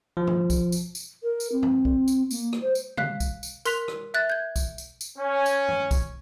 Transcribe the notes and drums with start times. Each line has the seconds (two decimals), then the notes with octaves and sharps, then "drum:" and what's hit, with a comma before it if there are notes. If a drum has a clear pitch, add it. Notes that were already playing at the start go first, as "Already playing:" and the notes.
0.17 F3
0.27 drum: tom G2
0.50 drum: kick, tambourine
0.72 drum: tambourine
0.95 drum: tambourine
1.23 A#4
1.40 drum: tambourine
1.52 C4
1.63 drum: tom G2
1.85 drum: kick
2.08 drum: tambourine
2.31 A#3, drum: tambourine
2.53 drum: rim click
2.62 C5
2.75 drum: tambourine
2.97 F5 F#6 B6, drum: tom C3
3.20 drum: kick, tambourine
3.43 drum: tambourine
3.65 A#4 C6 F#6 B6 F7, drum: tambourine
3.88 drum: rim click
4.14 E5 F#6 A6
4.30 G6 G#6
4.56 drum: kick, tambourine
4.78 drum: tambourine
5.01 drum: tambourine
5.18 C#4
5.46 drum: tambourine
5.68 drum: tom G2
5.91 drum: kick, tambourine